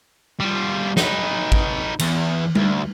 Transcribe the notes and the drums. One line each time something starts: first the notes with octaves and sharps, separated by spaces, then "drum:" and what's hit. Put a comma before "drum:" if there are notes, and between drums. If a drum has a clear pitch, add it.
G3 F4
D#4 B4, drum: snare
drum: kick
E2, drum: cymbal
D2, drum: tom G3